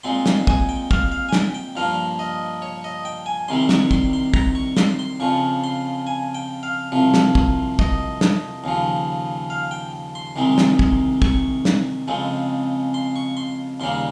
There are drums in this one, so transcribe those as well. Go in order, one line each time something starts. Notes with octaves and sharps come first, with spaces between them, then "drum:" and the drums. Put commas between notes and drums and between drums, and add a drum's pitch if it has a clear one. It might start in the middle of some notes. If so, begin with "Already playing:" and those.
A#2 G#3 C4 C6
C6, drum: snare
G#5, drum: kick
G5
F5, drum: kick
F5
G#5
G5, drum: snare
G5
G2 F3 A#3 F5
D#5
C#5
D#5
G5
G#5
C2 C3 D#3 G3 C4 C6
C#6, drum: snare
C6, drum: kick
C6
A#5, drum: kick
C#6
C6, drum: snare
C6
F2 C#3 F3 C#6
C6
G#5
G5
F5
C2 C3 F3
drum: snare
drum: kick
D#5, drum: kick
drum: snare
D#2 C#3 F3
F5
G5
C6
C2 C3 D#3 G#3 C4
drum: snare
drum: kick
C#6, drum: kick
drum: snare
F2 C#3 G#3 C4
C6
C#6
C6
D#2 C#3 G3 A#3 C6